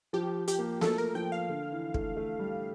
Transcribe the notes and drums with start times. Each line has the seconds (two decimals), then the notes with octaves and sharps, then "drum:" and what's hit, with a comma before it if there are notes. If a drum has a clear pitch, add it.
0.13 F3 G4
0.48 G4, drum: hi-hat
0.58 A#3
0.81 A3 A4, drum: snare
0.98 A#4
1.15 F3 G5
1.32 F5
1.49 D3
1.72 E3
1.94 A3, drum: kick
2.17 A3
2.39 G3